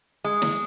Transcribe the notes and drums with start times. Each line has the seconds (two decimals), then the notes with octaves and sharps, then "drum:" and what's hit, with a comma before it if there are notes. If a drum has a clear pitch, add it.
0.24 G#3
0.42 drum: snare